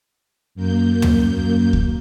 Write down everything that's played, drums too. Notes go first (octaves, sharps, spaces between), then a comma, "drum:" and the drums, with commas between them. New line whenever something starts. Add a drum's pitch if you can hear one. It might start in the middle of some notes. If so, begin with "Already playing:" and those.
F#2 A#3 G6
drum: tom
drum: kick D2